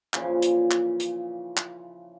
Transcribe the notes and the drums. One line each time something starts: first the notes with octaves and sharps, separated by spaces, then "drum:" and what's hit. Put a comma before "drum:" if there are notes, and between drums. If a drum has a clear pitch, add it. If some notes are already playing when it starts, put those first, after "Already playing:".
A#2 C#3 E3 F3, drum: clap
drum: hi-hat
drum: clap
drum: hi-hat
drum: clap